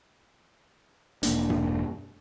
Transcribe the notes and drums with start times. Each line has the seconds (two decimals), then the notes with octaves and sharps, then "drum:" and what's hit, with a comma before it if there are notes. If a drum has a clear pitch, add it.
1.23 E1 A#3 D4, drum: hi-hat
1.50 drum: tom G2